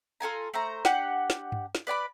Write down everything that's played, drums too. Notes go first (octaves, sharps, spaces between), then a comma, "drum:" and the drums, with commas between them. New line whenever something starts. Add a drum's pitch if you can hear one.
F4 A4 G#5 A#5
A3 C5 A#5
D4 G4 F#5, drum: snare
drum: snare
drum: tom G2
drum: snare
B4 D5 G#5 B5